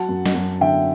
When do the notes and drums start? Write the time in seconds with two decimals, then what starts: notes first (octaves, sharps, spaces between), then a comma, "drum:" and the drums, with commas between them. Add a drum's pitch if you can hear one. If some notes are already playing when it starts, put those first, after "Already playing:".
Already playing: F#3 F#5 A5
0.09 F#2
0.26 drum: snare
0.35 F#2
0.61 D3 E5 G5